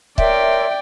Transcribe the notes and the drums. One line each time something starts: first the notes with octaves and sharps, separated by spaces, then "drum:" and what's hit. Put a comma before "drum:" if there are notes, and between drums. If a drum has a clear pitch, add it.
A#4 C#5 D5 E5 G5 C6, drum: kick C#1